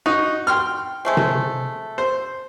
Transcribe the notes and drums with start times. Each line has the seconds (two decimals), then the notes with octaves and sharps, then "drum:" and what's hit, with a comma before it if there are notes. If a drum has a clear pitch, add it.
0.06 D#4 F#4
0.47 G5 C6 F6
1.05 G#3 A3 C4
1.17 drum: tom C3
1.98 C5